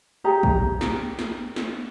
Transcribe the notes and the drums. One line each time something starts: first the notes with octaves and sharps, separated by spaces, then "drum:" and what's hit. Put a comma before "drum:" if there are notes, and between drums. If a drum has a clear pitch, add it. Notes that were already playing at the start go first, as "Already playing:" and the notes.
G4 G#4 A#5
drum: kick
drum: snare
drum: snare
drum: snare